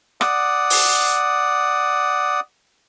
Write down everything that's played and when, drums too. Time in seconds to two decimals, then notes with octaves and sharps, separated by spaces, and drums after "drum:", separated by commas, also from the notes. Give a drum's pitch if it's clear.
0.21 D5 F#5 D#6, drum: rim click
0.70 drum: open hi-hat